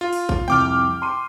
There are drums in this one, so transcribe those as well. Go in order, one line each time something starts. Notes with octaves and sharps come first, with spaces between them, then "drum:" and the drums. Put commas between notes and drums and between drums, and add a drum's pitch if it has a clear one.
F4
drum: open hi-hat
drum: kick
C2 F2 G5 D6 F6
C6 D#7